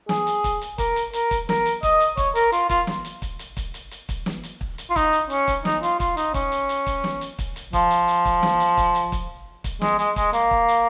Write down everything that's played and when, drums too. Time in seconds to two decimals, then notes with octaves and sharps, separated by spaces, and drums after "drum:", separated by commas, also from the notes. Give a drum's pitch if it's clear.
0.09 G#4, drum: snare
0.27 drum: hi-hat
0.44 drum: kick, hi-hat
0.61 drum: hi-hat
0.78 A#4, drum: kick, hi-hat
0.96 drum: hi-hat
1.13 A#4, drum: hi-hat
1.31 drum: kick, hi-hat
1.49 A#4, drum: snare
1.66 drum: hi-hat
1.83 D#5, drum: kick, hi-hat
2.00 drum: hi-hat
2.17 C#5, drum: kick, hi-hat
2.35 A#4, drum: hi-hat
2.52 F4, drum: hi-hat
2.69 F4, drum: kick, hi-hat
2.87 drum: snare
3.05 drum: hi-hat
3.22 drum: kick, hi-hat
3.39 drum: hi-hat
3.57 drum: kick, hi-hat
3.74 drum: hi-hat
3.91 drum: hi-hat
4.09 drum: kick, hi-hat
4.26 drum: snare
4.43 drum: hi-hat
4.61 drum: kick
4.78 drum: hi-hat
4.90 F4
4.96 D#4, drum: kick, hi-hat
5.13 drum: hi-hat
5.30 C#4, drum: hi-hat
5.48 drum: kick, hi-hat
5.65 D#4, drum: snare
5.83 F4, drum: hi-hat
6.00 F4, drum: kick, hi-hat
6.17 D#4, drum: hi-hat
6.34 C#4, drum: kick, hi-hat
6.52 drum: hi-hat
6.69 drum: hi-hat
6.86 drum: kick, hi-hat
7.04 drum: snare
7.21 drum: hi-hat
7.39 drum: kick, hi-hat
7.56 drum: hi-hat
7.73 F3, drum: kick, hi-hat
7.91 drum: hi-hat
8.08 drum: hi-hat
8.25 drum: kick, hi-hat
8.43 drum: snare
8.60 drum: hi-hat
8.77 drum: kick, hi-hat
8.95 drum: hi-hat
9.12 drum: kick, hi-hat
9.64 drum: kick, hi-hat
9.81 G#3, drum: snare
9.99 G#3, drum: hi-hat
10.16 G#3, drum: kick, hi-hat
10.33 A#3, drum: hi-hat
10.51 drum: kick
10.68 drum: hi-hat